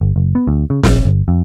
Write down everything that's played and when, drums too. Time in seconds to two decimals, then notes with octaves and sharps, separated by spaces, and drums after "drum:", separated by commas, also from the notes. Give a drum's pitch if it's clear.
0.01 G1
0.16 F#1
0.35 B3
0.47 D2
0.70 C#3
0.83 A#1, drum: snare
1.05 G1
1.28 F2